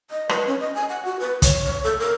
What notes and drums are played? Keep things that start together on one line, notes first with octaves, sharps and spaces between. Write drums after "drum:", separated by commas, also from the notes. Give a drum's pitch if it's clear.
D#5
B4, drum: rim click
C#4
D#5
G#5
F#5
F#4
B4
C#5, drum: kick, hi-hat
C#5
A4
A#4